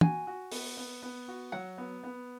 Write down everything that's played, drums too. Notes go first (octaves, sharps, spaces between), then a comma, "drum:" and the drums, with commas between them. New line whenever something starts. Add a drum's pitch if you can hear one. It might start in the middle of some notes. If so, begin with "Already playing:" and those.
F#4 G#5, drum: tom
F#4
B3, drum: open hi-hat
B3
B3
F#4
F#3 F#5
B3
B3